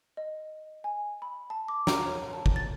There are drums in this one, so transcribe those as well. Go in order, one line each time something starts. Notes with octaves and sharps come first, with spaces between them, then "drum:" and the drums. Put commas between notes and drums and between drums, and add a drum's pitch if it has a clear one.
D#5
G#5
B5
A5
D6
A#5, drum: snare
C#5
A5
drum: kick
A6